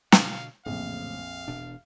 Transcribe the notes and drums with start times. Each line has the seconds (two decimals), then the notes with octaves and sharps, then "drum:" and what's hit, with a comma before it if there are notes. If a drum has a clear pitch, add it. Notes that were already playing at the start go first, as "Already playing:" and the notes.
0.12 B2 D3 F5, drum: snare
0.66 A#1 F2 A2 C#3 F#3 F5
1.48 E1 B2 D4